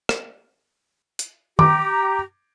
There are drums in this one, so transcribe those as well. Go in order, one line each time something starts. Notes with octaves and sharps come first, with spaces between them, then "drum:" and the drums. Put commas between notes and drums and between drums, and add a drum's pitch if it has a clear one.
drum: rim click
drum: hi-hat
G4 A#5 D6, drum: tom D#3